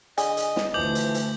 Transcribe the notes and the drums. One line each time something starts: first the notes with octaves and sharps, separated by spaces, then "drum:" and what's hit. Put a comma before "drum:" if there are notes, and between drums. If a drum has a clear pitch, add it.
D3 G#4 D#5 G#5, drum: hi-hat
drum: hi-hat
drum: snare
D2 E3 F3 D6 G6 F#7
drum: hi-hat
drum: hi-hat